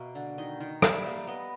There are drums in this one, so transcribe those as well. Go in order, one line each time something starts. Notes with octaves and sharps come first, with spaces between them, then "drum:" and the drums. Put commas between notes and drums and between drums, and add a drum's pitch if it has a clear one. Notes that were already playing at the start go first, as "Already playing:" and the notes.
Already playing: B2 A#3 E5
D3
D#3 D#5
D#3
G3 E5, drum: rim click
A#3
B3 D#5